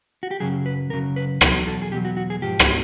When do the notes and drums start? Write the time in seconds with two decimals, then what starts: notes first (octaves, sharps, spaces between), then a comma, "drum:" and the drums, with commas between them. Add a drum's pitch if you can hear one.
0.23 F#4
0.31 G4
0.40 F#2 C#3 F#3 G#4
0.66 B4
0.90 F#2 C#3 F#3 A#4
1.16 B4
1.41 E2 B2 F#3 A#4, drum: rim click
1.67 A4
1.82 G#4
1.92 E2 B2 F#3 G4
2.05 F#4
2.17 F#4
2.30 G#4
2.42 G#2 F3 G4
2.59 drum: rim click